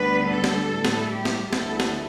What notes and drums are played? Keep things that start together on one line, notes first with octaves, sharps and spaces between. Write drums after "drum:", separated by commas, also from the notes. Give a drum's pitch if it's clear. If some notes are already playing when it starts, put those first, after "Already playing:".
Already playing: D2 D3 G3 B3 D4 B4
A4
drum: snare
A2 G3 E4
drum: snare
G4
drum: snare
D2 D3 B3 E4 A4, drum: snare
drum: snare